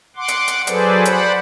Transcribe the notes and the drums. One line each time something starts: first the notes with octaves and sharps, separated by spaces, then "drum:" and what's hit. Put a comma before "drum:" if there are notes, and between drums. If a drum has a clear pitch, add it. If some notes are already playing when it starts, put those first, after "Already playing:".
F#5 C6 D6
drum: hi-hat
drum: hi-hat
F#3 G#4 A4 B4 C5 D5, drum: hi-hat
C5 D5 F#5 B5, drum: hi-hat